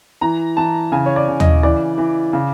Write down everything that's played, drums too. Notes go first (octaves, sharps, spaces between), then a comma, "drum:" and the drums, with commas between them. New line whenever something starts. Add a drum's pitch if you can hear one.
E3 A#5
E3 A5
C#3 G#5
C#5
D5
C#3
D#5, drum: tom D#2
E3 D5
E3
C#3